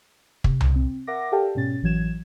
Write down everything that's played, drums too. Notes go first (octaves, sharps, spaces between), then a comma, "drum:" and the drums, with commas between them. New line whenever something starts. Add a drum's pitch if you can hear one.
C3, drum: kick
drum: tom C2
C4
A#4 E5 F#5 D6 A#6
G4 A4 D5 F5 G5 A5
G#2 B2 C#4 A6
A1 E3 F#3 G#6 E7